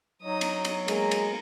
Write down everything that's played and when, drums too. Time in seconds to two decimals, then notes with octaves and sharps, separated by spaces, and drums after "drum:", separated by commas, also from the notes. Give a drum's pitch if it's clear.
0.23 F#3 D#4 D#6
0.41 drum: cymbal
0.65 drum: cymbal
0.88 G#3 A#3 A#5, drum: cymbal
1.11 drum: cymbal